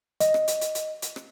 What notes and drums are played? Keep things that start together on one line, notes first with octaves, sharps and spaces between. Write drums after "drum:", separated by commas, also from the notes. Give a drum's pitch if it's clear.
D#5, drum: hi-hat
drum: rim click
drum: hi-hat
drum: hi-hat
drum: hi-hat
drum: hi-hat
drum: rim click